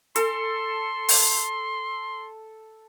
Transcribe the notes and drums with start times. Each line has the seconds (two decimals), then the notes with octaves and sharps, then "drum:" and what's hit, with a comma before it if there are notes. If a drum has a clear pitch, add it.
0.16 A4 C6, drum: hi-hat
1.09 drum: open hi-hat